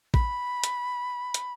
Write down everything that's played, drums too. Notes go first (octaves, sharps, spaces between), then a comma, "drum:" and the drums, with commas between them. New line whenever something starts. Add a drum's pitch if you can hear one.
B5, drum: kick A1
drum: hi-hat
drum: hi-hat